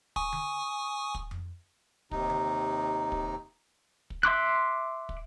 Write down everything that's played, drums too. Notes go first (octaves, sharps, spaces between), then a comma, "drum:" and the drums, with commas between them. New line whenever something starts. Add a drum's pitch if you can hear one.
G#5 C#6 D#6, drum: kick
drum: tom D3
drum: kick
drum: tom F2
D#2 C3 D#4, drum: kick
drum: tom D3
drum: kick
drum: kick
E5 C6 D6 F#6
drum: kick